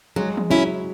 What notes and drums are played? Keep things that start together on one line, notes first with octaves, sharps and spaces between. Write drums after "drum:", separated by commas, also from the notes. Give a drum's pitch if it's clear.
F#3 G#3
drum: tom E3
F#3 C#4 E4